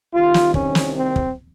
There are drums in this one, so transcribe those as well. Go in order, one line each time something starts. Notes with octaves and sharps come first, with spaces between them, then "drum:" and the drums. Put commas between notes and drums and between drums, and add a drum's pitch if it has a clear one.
C2 C3 D#3 F4
drum: snare
C#4, drum: kick
drum: snare
C4
drum: kick